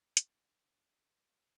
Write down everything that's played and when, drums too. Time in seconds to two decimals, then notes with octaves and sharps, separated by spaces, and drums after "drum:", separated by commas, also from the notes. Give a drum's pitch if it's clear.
0.17 D3 D#6, drum: hi-hat